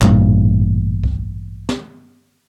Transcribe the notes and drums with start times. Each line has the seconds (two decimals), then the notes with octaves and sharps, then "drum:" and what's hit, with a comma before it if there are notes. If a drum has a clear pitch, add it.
0.02 A1 G2 A#2, drum: clap
1.03 drum: kick C#2
1.69 drum: snare